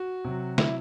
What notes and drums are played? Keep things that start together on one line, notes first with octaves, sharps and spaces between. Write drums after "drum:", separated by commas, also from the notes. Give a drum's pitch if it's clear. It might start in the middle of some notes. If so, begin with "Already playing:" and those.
Already playing: F#4
C3 F#3
E4, drum: snare